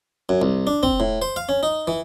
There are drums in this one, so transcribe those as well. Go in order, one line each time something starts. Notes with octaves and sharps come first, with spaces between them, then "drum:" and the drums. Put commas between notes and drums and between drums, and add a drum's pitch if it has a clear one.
F#2
C2
D4
C4, drum: kick
A2
C5
F5
C#4
D#4
E3